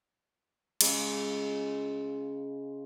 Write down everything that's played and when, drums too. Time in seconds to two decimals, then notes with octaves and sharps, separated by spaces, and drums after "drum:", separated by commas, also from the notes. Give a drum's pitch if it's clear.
0.81 C#3 G#3 F4, drum: cymbal